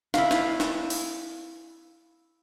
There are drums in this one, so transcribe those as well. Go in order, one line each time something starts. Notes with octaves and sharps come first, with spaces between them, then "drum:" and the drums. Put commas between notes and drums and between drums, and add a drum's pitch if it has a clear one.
E4 F5, drum: snare
drum: snare
drum: snare
drum: open hi-hat